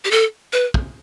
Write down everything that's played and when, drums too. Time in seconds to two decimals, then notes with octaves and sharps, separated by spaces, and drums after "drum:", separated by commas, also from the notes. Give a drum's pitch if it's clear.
0.05 G4
0.11 A4
0.53 B4
0.74 drum: kick